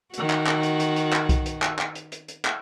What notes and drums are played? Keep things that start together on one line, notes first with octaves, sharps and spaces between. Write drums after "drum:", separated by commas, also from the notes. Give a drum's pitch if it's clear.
D#3 F#4, drum: hi-hat
drum: clap
drum: clap
drum: hi-hat
drum: hi-hat
drum: hi-hat
drum: clap
drum: kick B1, hi-hat
drum: hi-hat
drum: clap
drum: clap
drum: hi-hat
drum: hi-hat
drum: hi-hat
drum: clap